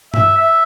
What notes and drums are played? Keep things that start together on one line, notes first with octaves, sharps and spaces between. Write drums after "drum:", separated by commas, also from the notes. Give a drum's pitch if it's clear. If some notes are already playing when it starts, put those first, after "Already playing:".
E5, drum: tom G2
E5